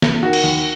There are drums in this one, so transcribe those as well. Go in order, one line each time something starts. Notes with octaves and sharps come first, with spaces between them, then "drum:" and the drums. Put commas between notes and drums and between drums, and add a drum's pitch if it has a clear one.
drum: snare
D#3 F#4
drum: cymbal
D#2